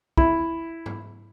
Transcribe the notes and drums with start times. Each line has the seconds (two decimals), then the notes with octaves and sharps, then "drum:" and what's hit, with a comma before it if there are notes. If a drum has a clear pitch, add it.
0.17 E4, drum: kick
0.86 drum: tom G#2